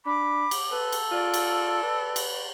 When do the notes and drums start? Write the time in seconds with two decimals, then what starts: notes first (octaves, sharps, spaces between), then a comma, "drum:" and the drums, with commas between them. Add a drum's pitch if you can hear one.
0.06 D4 B5 D6
0.51 drum: cymbal
0.72 A4 B4
0.92 drum: cymbal
1.11 F4 D5
1.34 drum: cymbal
1.83 B4
2.16 drum: cymbal